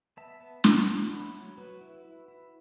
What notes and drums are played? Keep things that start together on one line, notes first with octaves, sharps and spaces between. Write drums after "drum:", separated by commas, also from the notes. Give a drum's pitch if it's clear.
B3 E5 A5
B3
B3 A5 C#6, drum: snare
F#3
E4 F#5 B5
F#3
F#3 F#4 B4
E4
E4
E4